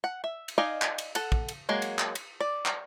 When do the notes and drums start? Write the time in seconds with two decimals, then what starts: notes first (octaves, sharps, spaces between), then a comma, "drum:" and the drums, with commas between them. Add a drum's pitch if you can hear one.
0.04 F#5
0.24 E5
0.48 drum: cymbal
0.58 D#4 D5 D#5 F5 G#5
0.82 drum: clap
0.98 drum: cymbal
1.15 A4 F#5, drum: cymbal
1.32 drum: kick
1.49 drum: cymbal
1.69 F#3 G#3 A#3
1.82 drum: cymbal
1.99 drum: clap
2.15 drum: cymbal
2.41 D5
2.66 drum: clap